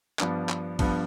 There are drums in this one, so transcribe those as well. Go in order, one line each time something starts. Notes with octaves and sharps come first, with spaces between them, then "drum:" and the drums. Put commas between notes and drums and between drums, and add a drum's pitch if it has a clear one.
G2 F3 B3 D4, drum: clap
drum: clap
G2 F3 B3 D4, drum: kick, cymbal